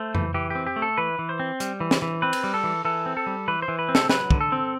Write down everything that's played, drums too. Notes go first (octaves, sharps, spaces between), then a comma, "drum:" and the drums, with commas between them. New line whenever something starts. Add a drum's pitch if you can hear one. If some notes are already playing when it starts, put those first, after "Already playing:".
Already playing: A3 C5
E3, drum: tom F2
E3 G4
C4 G4
G4
A3
A4
E3 B4
E3
C5
C4
G3, drum: hi-hat
E3
drum: snare
E3
C4 B4
drum: cymbal
G3
A4
E3
E3 A4
C4
A4
G3
E3 B4
C5
E3
B4
C4
A4, drum: snare
F#3 B4, drum: snare
D3, drum: kick
A4
C4